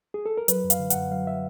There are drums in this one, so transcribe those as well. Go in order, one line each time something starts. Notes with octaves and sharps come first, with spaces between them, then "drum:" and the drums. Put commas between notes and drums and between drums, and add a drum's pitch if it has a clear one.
G#4
A4
A#4
F#3 B4, drum: hi-hat
F#2
F5, drum: hi-hat
D3
F#5, drum: hi-hat
F#2
F#3 F5
E5